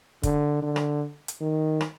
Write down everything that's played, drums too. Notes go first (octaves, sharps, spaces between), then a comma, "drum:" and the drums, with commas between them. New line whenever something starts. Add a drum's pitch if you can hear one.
D3, drum: kick, hi-hat
D3
drum: rim click
drum: hi-hat
D#3
drum: rim click